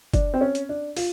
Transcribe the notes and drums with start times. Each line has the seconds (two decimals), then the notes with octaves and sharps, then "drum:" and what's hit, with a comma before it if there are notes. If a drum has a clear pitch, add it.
0.14 D4, drum: kick F#1, hi-hat
0.34 C4
0.41 C#4
0.55 drum: hi-hat
0.69 D4
0.97 F4, drum: open hi-hat